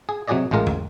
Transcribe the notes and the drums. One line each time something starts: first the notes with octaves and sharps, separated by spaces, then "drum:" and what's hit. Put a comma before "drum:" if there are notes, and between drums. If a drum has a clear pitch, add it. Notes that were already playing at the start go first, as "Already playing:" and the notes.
G#4
C3 F#3 F#4 G#4 D5 D#5
A1 A2 G#3 F4 A#4
drum: tom